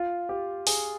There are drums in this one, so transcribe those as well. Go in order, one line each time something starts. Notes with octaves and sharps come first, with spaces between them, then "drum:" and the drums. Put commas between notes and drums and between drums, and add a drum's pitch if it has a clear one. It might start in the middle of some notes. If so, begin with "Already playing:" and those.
Already playing: F4
G4
G#4, drum: open hi-hat